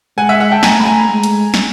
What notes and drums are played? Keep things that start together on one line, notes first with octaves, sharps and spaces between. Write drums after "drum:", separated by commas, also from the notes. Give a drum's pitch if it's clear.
G#3 F#5 G#5
E5 F#5
E5 F#5
G5 A5
A3 G#5 A#5, drum: snare
B5
G#5 A#5
G#3
drum: hi-hat
drum: snare